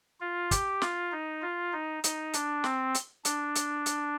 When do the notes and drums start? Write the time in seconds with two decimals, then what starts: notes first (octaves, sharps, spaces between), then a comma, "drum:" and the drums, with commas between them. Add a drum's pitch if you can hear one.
0.21 F4
0.51 G4, drum: kick, hi-hat
0.82 F4, drum: snare
1.12 D#4
1.42 F4
1.73 D#4
2.04 D#4, drum: hi-hat
2.33 D4, drum: hi-hat
2.64 C4, drum: snare
2.95 drum: hi-hat
3.25 D4, drum: hi-hat
3.55 drum: hi-hat
3.86 drum: hi-hat